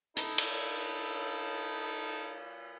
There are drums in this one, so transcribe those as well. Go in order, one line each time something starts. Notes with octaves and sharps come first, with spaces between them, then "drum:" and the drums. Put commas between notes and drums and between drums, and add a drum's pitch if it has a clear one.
D#4 E4 A4, drum: hi-hat
drum: cymbal